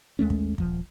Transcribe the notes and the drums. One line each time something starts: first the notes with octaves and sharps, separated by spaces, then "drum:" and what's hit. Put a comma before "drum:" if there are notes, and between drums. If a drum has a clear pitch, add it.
D#2 G#3 A3 C#4
drum: kick
D#1 F3, drum: kick